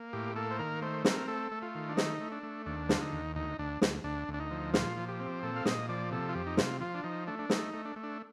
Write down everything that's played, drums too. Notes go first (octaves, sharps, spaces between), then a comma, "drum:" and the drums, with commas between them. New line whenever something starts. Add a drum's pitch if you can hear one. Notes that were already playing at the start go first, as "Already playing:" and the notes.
Already playing: A#3
A2 G4
A#3 A4
C5
D#3 A#4
A3 C5
C4 A#4, drum: snare
A3 A4
A3
F4
D#3
D4
A3 D#4, drum: snare
A3
D4
A3
D#2 D4
D3 F4, drum: snare
D#4
D#2
D2 D#4
D2 D4
D2, drum: snare
D2 D4
D2
D4
D#4
F3
A#2 F4, drum: snare
F3
G4
C4
A#2 A4
F5
A#2 D#5, drum: snare
F3 D5
C3 A4
F4
F2 G4
D#4
C3 F4, drum: snare
F3 F4
D4
F3 D#4
A3 D4
D4
A3 D#4, drum: snare
A3
D4
A3
D4